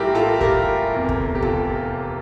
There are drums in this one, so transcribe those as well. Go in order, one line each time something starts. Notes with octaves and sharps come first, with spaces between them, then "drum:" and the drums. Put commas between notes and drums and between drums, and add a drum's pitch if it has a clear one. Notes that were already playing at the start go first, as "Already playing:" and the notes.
Already playing: A#1 A2 E3 G3 E4 F4 G4 A#4
F4 A4
G4 A#4, drum: kick
F1 E2 C3
drum: kick
G4
F4 A4, drum: kick